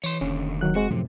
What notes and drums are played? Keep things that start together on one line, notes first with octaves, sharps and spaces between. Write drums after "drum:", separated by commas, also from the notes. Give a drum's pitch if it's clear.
E3 C#5 C6, drum: tambourine
F1 D#2 D3 C#4
D#3 F#3 F#6
G#3 C4 F#4
F#2 A2 C3 F3